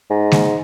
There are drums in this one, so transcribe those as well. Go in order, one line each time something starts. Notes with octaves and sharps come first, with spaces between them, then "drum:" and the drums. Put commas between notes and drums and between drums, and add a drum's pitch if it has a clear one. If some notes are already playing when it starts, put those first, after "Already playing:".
G#2
drum: snare G#3